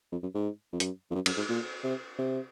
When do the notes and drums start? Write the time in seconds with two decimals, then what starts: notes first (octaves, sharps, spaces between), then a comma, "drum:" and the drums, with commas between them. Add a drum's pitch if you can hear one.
0.12 F2
0.23 F#2
0.35 G#2
0.73 F2
0.80 F#2, drum: hi-hat
1.11 F2
1.15 F#2
1.26 F#2, drum: cymbal
1.37 G#2
1.49 A#2
1.84 C3
2.19 C3